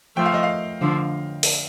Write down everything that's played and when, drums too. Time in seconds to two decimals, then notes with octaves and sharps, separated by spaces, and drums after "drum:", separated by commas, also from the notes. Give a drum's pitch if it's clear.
0.16 F3 A3 G5
0.25 F5
0.34 D#5
0.43 F5
0.81 D3 F3
1.43 drum: open hi-hat